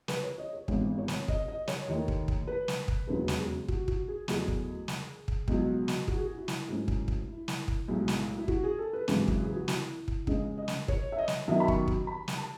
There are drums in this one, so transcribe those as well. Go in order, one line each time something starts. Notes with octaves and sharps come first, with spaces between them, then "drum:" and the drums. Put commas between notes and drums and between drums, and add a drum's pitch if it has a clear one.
B4, drum: snare
C#5
D#5
C#5
G#1 G#2 E3 G#3 B3, drum: kick
C#5
drum: snare
D#5, drum: kick
D#5
C#5, drum: snare
D#2 D#3 A3
drum: kick
drum: kick
B4
drum: snare
drum: kick
E1 D#2 C#3 F#3 B4
drum: snare
G#4
F#4, drum: kick
F#4, drum: kick
G#4
E2 B2 F#3 A3 G#4, drum: snare
drum: kick
drum: snare
drum: kick
C#2 B2 F#3, drum: kick
drum: snare
F#4, drum: kick
G#4
F#4
E4
drum: snare
G#2 F#3 A3 C#4
drum: kick
drum: kick
E4
drum: snare
drum: kick
B1 A2 G#3
drum: snare
E4
F#4, drum: kick
G#4
A4
B4
G#1 F#2 C#3 E3 G#3, drum: snare
drum: kick
G#4
F#4
E4, drum: snare
drum: kick
C#2 C#3 G#3 C#4 D#5, drum: kick
D#5
drum: snare
C#5, drum: kick
E5
D#5
drum: snare
F#2 D#3 F#3 B3 E5
B5
C#6, drum: kick
drum: kick
B5
drum: snare
A5